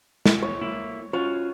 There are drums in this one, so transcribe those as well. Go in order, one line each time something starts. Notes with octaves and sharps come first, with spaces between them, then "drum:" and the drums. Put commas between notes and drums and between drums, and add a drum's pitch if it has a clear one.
drum: snare
C#5
A#3 E4
C#4 F4 F#4 C#5